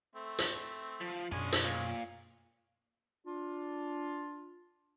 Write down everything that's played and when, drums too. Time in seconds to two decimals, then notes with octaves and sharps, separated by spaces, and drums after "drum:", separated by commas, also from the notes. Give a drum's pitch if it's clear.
0.16 A3 C4 E5
0.39 drum: hi-hat
1.01 F3
1.32 F#2 B2 G#3 C#4 D4 G#5
1.53 drum: hi-hat
1.64 A#2
3.25 D4 F4